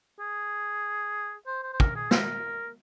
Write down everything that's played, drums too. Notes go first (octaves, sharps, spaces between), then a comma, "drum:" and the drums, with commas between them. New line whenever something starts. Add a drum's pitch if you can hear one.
G#4
C5
C5
C5
A#4, drum: kick
G#4
A#4, drum: snare